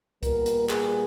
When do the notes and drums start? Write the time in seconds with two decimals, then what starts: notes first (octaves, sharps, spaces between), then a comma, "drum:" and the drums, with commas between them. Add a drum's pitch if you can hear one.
0.23 A#2 G3 B3 A#4, drum: kick, hi-hat
0.46 drum: hi-hat
0.70 G#4, drum: clap